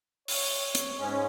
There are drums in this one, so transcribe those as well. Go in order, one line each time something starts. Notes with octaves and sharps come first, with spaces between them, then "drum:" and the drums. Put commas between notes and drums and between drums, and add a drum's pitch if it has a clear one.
C#5, drum: open hi-hat
drum: hi-hat
G#2 G#3 C#4